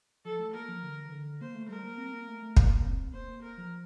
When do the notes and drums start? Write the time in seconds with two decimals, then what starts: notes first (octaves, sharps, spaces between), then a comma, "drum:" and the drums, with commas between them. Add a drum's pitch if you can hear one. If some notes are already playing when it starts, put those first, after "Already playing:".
0.25 F3 A4
0.39 A3
0.54 A#3 A#4
0.69 F3
0.83 D3
1.08 E3
1.12 D3
1.41 A#3 C5
1.55 A3
1.69 G3 A#4
1.84 A#3
1.98 C4
2.13 A#3
2.27 A3
2.42 A3
2.57 A#3, drum: kick
2.80 A#3
2.85 C4
3.13 A#3 C5
3.28 A#3
3.43 A#4
3.57 F3